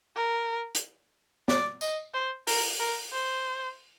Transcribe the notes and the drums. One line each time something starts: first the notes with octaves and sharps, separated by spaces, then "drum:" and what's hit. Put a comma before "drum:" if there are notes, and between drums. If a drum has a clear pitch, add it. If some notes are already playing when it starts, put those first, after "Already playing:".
A#4
drum: hi-hat
D5, drum: snare
D#5, drum: tambourine
C5
A#4, drum: open hi-hat
A#4
C5